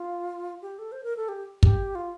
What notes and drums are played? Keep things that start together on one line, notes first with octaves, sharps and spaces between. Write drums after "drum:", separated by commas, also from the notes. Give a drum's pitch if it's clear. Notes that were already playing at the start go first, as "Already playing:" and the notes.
Already playing: F4
G4
A4
C5
A#4
A4
G4
G4, drum: kick
F4